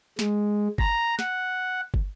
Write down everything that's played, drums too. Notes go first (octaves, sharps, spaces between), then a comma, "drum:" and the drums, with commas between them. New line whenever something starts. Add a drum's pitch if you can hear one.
G#3, drum: snare
A#5, drum: kick
F#5, drum: snare
drum: kick